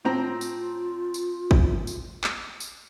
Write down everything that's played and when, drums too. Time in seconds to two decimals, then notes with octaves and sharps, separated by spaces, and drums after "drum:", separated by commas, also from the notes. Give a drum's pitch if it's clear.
0.05 A2 C4 F4 A#5
0.41 drum: tambourine
1.14 drum: tambourine
1.51 drum: kick
1.87 drum: tambourine
2.24 drum: clap
2.60 drum: tambourine